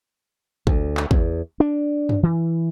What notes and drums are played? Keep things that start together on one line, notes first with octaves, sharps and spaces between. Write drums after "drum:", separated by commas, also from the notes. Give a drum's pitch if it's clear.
D2, drum: kick
drum: clap
E2, drum: kick
D4
drum: tom F#2
E3